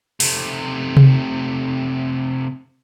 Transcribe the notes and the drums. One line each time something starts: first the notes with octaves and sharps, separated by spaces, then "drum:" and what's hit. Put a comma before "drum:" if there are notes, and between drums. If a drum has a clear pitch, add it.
C3 A3, drum: open hi-hat
drum: tom C3